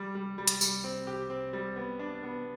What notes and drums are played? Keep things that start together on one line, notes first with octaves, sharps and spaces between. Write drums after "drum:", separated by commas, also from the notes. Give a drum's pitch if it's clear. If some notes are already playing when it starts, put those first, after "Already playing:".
Already playing: G3
G3
G3
drum: hi-hat
G3, drum: tambourine
C4
G4
C4
G3
B3
D4
B3